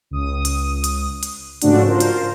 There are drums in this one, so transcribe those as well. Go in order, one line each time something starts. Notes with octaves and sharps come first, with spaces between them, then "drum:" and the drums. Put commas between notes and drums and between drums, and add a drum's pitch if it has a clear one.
C#2 D#6
drum: hi-hat
drum: hi-hat
drum: hi-hat
G#2 C#3 F3 A3 D4 F#4, drum: hi-hat
F4 A#4 C5
drum: hi-hat